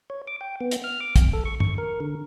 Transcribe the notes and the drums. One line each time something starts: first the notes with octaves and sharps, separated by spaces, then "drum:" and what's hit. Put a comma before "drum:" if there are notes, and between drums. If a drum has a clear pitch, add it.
C#5
D6
G5
B3
drum: hi-hat
F6
D6
F2, drum: kick, hi-hat
A4
C#6
C#6, drum: tom G2
A#4
D3